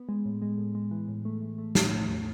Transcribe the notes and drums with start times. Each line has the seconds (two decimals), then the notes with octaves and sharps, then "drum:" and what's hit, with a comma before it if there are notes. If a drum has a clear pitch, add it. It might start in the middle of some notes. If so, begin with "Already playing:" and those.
Already playing: B3
0.09 G#3
0.25 A2
0.42 G#3
0.58 A2
0.75 G#3
0.91 E3
1.08 A2
1.25 A3
1.41 E3
1.58 A3
1.75 A2, drum: snare
1.92 A3
2.08 E2